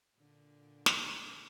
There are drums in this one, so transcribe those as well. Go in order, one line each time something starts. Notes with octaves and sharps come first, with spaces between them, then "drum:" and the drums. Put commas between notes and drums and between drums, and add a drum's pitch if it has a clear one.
A#2 D3
drum: snare